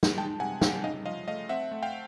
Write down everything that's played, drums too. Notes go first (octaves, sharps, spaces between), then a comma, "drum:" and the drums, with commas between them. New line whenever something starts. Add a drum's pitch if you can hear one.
drum: snare
G#3 G5 A5
C3 F#5 G#5
C3 F5 G5, drum: snare
C#3 D#5 F5
F3 D#5 F5
A3 D#5 F5
C4 E5 F#5
A3
F5 G5